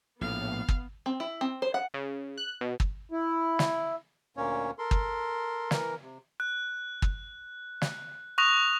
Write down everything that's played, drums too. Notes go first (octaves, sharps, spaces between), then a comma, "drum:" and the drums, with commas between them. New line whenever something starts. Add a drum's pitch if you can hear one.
A#1 A2 B3 F5
drum: kick
C4
E4
C4
C5
F#5
C#3
F#6
B2
drum: kick
E4
drum: snare
D2 A#2 A#3 C#4 C#5
A4 A#4 C6
drum: kick
E3 A#4, drum: snare
C3
F#6
drum: kick
drum: snare
C#6 D#6 F#6 A#6 F7